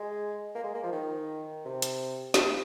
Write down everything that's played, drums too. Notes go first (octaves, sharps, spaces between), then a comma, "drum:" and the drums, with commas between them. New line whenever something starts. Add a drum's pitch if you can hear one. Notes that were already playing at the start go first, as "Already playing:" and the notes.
Already playing: G#3
A#3
G#3
A#3
F3
D#3
C3
drum: hi-hat
G2, drum: snare